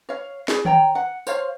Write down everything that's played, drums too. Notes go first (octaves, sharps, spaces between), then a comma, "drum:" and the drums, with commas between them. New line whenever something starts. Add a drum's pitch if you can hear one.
C#5 F5
E4 G#4 D5, drum: snare
C#5 G5 A#5, drum: tom D#3
F#5
C5 C#5 F5, drum: tambourine